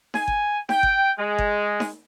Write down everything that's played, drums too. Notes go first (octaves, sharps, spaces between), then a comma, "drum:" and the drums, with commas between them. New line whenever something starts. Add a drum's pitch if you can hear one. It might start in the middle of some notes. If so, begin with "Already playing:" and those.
G#5, drum: snare D#4
drum: kick G1
G5, drum: snare D#4
drum: kick G1
G#3
drum: kick G1
drum: snare D#4